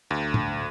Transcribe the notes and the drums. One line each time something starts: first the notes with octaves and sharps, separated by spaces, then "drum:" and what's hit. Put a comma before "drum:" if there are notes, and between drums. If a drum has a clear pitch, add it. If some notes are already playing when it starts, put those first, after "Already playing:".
D2
drum: tom